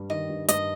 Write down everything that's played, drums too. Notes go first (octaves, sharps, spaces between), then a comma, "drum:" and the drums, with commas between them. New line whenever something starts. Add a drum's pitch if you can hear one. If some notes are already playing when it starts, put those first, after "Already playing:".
Already playing: G2 G3
D#3 D#5
G2
G2 D#5, drum: hi-hat